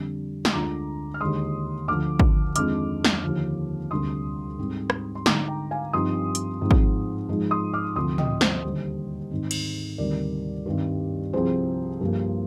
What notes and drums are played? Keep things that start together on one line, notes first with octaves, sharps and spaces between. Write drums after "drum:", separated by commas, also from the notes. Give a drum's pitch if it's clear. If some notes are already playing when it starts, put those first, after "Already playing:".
Already playing: F2 D3 G3 D4
C6, drum: snare
D2 D3 G#3 D4 F4 A#5 D6
F6
D#2 D3 G#3 C6 D#6
D2 D3 F3 D6 F6
drum: kick
F2 D#3 G#3 D4 F4 D6 F6, drum: hi-hat
drum: snare
D#2 D3 F3
D2 C3 G3 D4 C6 D#6
G#2 G3 C4
drum: rim click
C6
D3 G#3 D#4 A#5 D6, drum: snare
G5 A#5
F5 G#5
G2 F3 C4 D#4 C6 D#6
drum: hi-hat
G#2 F3 C4
drum: kick
G#2 F3 G#3 D#4
C6 D#6
D6 F6
D2 C3 F3 C4 C6 D#6
D#5 G5, drum: tom
C5 D#5, drum: snare
D#2 D3 G3
G#2 D#3 G#3 C4
drum: cymbal
D2 C3 D#3 G3 A#4 D5
G2 D#3 G3 C4
C2 C3 F3 C4 G#4 C5
G2 F3 A#3